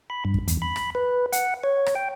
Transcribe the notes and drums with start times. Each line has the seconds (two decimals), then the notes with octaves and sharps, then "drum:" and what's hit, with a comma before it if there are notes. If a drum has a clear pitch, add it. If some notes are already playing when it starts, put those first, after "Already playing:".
0.10 B5
0.25 G2
0.34 drum: kick
0.48 E2, drum: hi-hat
0.62 B5
0.76 drum: rim click
0.95 B4
1.33 F#5, drum: hi-hat
1.64 C#5
1.86 drum: rim click
1.95 G5